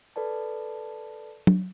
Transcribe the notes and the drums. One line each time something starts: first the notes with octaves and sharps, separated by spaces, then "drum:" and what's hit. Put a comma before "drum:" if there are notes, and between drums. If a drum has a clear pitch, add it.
A4 B4 D5 A5
drum: tom